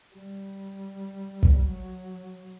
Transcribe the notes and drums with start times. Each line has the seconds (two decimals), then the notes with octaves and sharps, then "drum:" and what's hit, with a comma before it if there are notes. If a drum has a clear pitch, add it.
0.13 G3
1.43 drum: kick
1.68 F#3